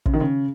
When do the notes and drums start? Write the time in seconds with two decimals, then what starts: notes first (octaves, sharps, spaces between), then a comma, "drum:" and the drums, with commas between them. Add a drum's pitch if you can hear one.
0.06 C#3, drum: kick
0.14 D#3
0.20 C#3